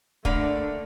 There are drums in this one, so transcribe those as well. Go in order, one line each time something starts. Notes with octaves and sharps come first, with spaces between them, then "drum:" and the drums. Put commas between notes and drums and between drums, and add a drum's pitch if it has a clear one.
D3 A3 A#3 D4, drum: kick